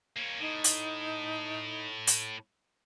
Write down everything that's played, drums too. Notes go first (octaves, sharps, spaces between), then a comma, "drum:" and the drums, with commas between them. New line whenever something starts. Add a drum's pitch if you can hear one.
A#3 C#4
A2 D#4
drum: hi-hat
drum: hi-hat